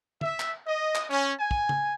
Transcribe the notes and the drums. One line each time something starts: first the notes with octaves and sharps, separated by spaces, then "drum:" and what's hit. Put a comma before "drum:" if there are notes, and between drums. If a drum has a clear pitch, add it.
E5, drum: tom
drum: clap
D#5
drum: clap
C#4
G#5
drum: kick
drum: tom C#3